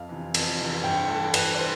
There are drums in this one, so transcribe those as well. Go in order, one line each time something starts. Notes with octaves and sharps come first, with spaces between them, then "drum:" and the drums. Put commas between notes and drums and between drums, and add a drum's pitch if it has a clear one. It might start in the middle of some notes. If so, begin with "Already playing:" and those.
Already playing: F2 F5
C3 E3
F2, drum: cymbal
C3 E3
G2 G5
E3 A3 A5
G2 B4, drum: cymbal
D5
E3 C5